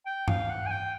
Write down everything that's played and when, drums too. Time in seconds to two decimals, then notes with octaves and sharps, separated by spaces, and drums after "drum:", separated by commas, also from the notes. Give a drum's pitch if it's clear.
0.06 G5
0.28 F5, drum: tom G2
0.49 F#5
0.66 G#5
0.70 G5